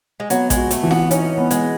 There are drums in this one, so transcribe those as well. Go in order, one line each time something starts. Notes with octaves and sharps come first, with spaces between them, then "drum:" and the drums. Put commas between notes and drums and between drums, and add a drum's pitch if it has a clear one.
G#3
F#3 B3, drum: hi-hat
G#3, drum: kick A1, hi-hat
F#4
A3, drum: hi-hat
E3
B3, drum: snare F4
C#4 D#4, drum: hi-hat
B3
G#3, drum: hi-hat